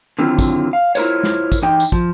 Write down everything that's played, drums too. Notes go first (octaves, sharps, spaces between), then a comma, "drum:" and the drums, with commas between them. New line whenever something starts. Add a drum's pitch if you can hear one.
D3 D#3 F#3 C4 E4 F4
drum: kick, tambourine
F5
E4 F4 A#4 C5 C#5, drum: tambourine
drum: snare
drum: kick, tambourine
E2 D#4 G5
drum: tambourine
F3, drum: kick